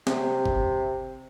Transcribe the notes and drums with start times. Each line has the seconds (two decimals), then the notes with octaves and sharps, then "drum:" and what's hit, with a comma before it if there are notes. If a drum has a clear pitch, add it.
0.07 C3, drum: snare
0.46 drum: kick G1